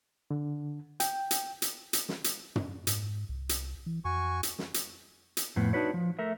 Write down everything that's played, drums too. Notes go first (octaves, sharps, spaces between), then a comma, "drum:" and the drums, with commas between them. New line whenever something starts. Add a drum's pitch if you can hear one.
D3
G5, drum: hi-hat
drum: hi-hat
drum: hi-hat
drum: hi-hat
drum: snare
drum: hi-hat
drum: tom
G#2, drum: hi-hat
C2
drum: hi-hat
E3
F2 F#4 G#5 C#6
drum: hi-hat
drum: snare
drum: hi-hat
drum: hi-hat
F2 A2 B3
D4 D#4 F#4 B4 C#5
F3
A3 A#4 E5